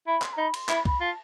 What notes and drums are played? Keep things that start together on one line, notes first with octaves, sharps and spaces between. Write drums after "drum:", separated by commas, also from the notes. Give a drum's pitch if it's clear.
E4 B5
C6, drum: clap
A#5
D#4 B5
C6, drum: cymbal
E4 B5, drum: clap
B5, drum: kick
F4 A5